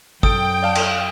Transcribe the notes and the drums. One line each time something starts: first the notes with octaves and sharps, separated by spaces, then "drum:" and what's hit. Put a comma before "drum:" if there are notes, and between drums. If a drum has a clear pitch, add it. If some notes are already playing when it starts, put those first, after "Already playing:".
F#2 A4 G5 D#6, drum: kick G#1
D5 F5 A5
drum: cymbal